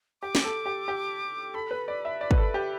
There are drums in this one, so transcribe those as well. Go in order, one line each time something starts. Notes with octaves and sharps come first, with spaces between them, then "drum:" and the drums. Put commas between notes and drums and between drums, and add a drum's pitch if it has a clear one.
G4 D6
drum: snare
A4
G4
G4
A4 B5
B4
D5
E5
D5
B4, drum: kick
A4
G4